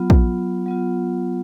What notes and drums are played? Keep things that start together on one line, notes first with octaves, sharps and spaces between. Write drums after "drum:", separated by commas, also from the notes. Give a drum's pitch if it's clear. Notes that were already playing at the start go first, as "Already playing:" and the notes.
Already playing: F#3 B3 F4
drum: kick
F#3 B3 F4